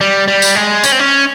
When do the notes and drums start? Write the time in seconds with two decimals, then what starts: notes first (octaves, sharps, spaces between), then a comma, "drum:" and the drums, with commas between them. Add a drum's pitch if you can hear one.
0.01 G3
0.28 G3
0.42 drum: tambourine
0.55 G#3
0.84 C#4, drum: tambourine
0.92 C4
0.99 C#4